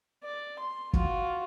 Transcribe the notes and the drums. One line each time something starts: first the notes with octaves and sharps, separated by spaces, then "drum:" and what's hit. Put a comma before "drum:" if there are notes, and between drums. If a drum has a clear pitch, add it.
D5
C6
F4 F#4, drum: kick